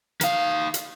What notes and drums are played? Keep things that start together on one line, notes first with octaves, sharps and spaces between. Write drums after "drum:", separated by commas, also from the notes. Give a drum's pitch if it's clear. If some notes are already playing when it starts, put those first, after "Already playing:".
D#3 F5, drum: hi-hat
drum: hi-hat